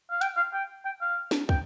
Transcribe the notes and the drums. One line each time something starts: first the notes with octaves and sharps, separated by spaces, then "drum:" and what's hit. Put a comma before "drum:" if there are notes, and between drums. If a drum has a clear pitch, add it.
F5
G5, drum: hi-hat
F5
G5
G5
F5
drum: snare
G5, drum: kick